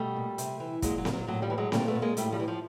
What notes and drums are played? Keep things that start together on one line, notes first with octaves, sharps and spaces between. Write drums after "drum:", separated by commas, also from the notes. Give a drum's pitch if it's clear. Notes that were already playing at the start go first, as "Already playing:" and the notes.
Already playing: B2 G3 A3
A#2
C3, drum: hi-hat
E3
A#2 F#3 G#3, drum: kick, hi-hat
F#3
A#2, drum: snare C4
F#3
A2 F#3
F3 G3
E3
F#3 G#3
A#2 G3 A3, drum: snare C4
A3 B3
A#2
G#3 A#3
A2 G3 A3, drum: hi-hat
F3 G3
E3
F3